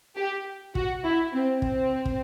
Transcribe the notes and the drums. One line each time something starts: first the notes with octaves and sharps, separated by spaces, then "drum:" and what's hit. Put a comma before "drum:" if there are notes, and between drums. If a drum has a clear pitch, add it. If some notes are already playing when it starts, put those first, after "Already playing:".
G4
F#4, drum: kick
E4
C4
C4, drum: kick
drum: kick